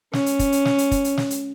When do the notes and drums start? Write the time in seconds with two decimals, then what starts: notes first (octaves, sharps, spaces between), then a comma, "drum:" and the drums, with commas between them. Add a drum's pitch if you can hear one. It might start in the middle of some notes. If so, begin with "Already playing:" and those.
0.13 C#4, drum: snare
0.26 drum: hi-hat
0.39 drum: kick, hi-hat
0.52 drum: hi-hat
0.65 drum: snare
0.78 drum: hi-hat
0.91 drum: kick, hi-hat
1.04 drum: hi-hat
1.17 drum: snare
1.31 drum: hi-hat